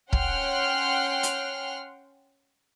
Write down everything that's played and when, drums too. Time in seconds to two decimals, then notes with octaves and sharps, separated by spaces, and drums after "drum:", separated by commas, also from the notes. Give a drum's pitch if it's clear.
0.13 C#4 F#5 G5 C6 F6 F#6, drum: kick
1.23 drum: hi-hat